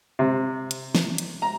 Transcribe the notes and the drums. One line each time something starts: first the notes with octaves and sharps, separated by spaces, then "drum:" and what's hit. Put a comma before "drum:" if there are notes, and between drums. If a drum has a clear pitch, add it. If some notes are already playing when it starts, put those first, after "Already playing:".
C3
drum: hi-hat
drum: snare
drum: hi-hat
A#5